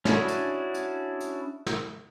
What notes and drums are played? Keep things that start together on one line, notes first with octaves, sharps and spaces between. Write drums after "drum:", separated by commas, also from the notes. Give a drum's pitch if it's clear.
C#4 D4 E4 F#4 G#4, drum: snare
drum: hi-hat
drum: hi-hat
drum: hi-hat
drum: snare